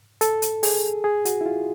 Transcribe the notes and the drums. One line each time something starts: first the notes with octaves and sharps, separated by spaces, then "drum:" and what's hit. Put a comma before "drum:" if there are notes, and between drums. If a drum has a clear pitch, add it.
A4, drum: hi-hat
drum: hi-hat
G#4, drum: open hi-hat
G#4
F#4, drum: hi-hat
E4
F4